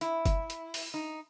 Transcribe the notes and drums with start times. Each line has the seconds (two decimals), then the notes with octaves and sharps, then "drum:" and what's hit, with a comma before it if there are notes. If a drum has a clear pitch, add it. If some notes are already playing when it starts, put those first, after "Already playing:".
0.01 E4, drum: hi-hat
0.26 drum: kick G1, hi-hat
0.50 drum: hi-hat
0.74 drum: open hi-hat
0.94 D#4